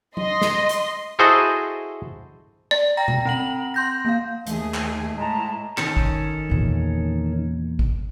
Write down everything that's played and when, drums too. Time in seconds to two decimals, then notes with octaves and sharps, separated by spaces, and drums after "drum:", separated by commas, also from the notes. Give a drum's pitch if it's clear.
0.17 D#5 C6, drum: tom F#3
0.41 drum: snare
0.69 drum: hi-hat
1.19 E4 F#4 G#4 A4 C5 D#5
2.71 D5
2.97 G5 A#5 A#6
3.08 drum: tom B2
3.25 C4 F#5 F#7
3.74 C6 G6 A#6
4.05 A#3 F5
4.47 D#2 A3 G#4, drum: hi-hat
4.74 drum: clap
5.17 A2 G#3 A5 A#5
5.78 D#3 C#4 A4, drum: clap
5.97 drum: kick
6.50 E2 A#2
7.79 drum: kick